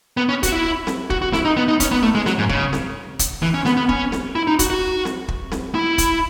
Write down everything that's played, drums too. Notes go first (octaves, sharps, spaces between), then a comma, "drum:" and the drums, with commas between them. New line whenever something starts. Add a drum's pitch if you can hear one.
B3
C#4
F#4, drum: kick, hi-hat
E4
drum: snare C4
F#4, drum: kick
F#4
E4, drum: snare C4
D#4
B3
D#4
C#4, drum: kick, hi-hat
B3
A3
G#3
F#3, drum: snare C4
G#2
C#3, drum: kick
drum: snare C4
drum: kick, hi-hat
E3
C#4
B3, drum: snare C4
B3
C#4, drum: kick
drum: snare C4
E4
D#4
F#4, drum: kick, hi-hat
F#4
drum: snare C4
drum: kick
drum: snare C4
E4
drum: kick, hi-hat